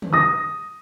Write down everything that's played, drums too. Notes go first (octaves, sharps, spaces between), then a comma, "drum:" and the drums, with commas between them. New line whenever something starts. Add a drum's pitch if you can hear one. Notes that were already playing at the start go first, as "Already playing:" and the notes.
drum: tom
D#6 A#6